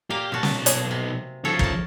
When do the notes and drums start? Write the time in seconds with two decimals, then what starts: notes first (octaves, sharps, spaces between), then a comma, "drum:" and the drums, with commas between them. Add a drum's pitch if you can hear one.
0.10 A#2 A#3 G4 F5
0.32 B1 A#2 F#4 A5
0.43 drum: snare
0.66 G#4, drum: hi-hat
0.91 C3
1.45 C#3 F3 A4 C#5 G5
1.59 A#4 A5, drum: kick